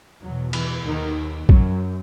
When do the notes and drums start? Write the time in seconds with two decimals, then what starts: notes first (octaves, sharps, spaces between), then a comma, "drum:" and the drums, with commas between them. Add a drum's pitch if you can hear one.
0.21 E2 B2 F#3
0.53 E3, drum: cymbal
0.85 D#2 D#3
1.49 F#2 F#3, drum: kick